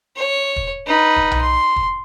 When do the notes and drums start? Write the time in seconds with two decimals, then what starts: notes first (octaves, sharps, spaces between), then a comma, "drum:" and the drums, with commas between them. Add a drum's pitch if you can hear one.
0.16 C#5
0.56 drum: kick
0.86 D#4 B4
1.16 drum: kick
1.31 drum: tom B1
1.41 C6
1.76 drum: kick